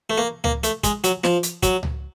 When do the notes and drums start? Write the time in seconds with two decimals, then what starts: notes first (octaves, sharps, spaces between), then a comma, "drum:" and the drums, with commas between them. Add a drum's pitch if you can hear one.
0.10 A3
0.18 A#3
0.44 A#3, drum: tom C#2
0.64 A3, drum: hi-hat
0.84 G#3, drum: kick, hi-hat
1.04 F#3, drum: hi-hat
1.24 F3, drum: snare
1.43 drum: hi-hat
1.63 F#3, drum: kick, hi-hat
1.83 drum: tom C#2